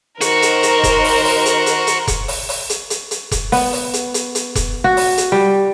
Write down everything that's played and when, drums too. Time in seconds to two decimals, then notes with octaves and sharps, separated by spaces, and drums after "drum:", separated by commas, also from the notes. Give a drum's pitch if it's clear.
0.21 D#3 F#4 A#4 C5, drum: hi-hat
0.42 drum: hi-hat
0.63 drum: hi-hat
0.84 drum: kick F1, hi-hat
1.04 drum: open hi-hat
1.25 drum: open hi-hat
1.46 drum: hi-hat
1.66 drum: hi-hat
1.87 drum: hi-hat
2.08 drum: kick F1, hi-hat
2.28 drum: open hi-hat
2.49 drum: open hi-hat
2.70 drum: hi-hat
2.90 drum: hi-hat
3.11 drum: hi-hat
3.32 drum: kick F1, hi-hat
3.52 B3, drum: open hi-hat
3.73 drum: open hi-hat
3.94 drum: hi-hat
4.14 drum: hi-hat
4.35 drum: hi-hat
4.56 drum: kick F1, hi-hat
4.84 F#4
4.97 drum: open hi-hat
5.18 drum: hi-hat
5.32 G3